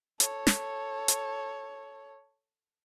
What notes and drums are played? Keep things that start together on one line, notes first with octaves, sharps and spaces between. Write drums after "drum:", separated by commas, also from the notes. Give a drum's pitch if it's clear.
A4 C#5, drum: hi-hat
drum: snare
drum: hi-hat